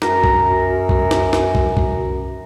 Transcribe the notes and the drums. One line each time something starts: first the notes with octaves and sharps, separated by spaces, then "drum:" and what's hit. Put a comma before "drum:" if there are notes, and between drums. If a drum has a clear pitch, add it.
F#2 F#4 A#4, drum: snare
drum: kick
drum: kick
drum: snare
drum: snare
drum: kick
drum: kick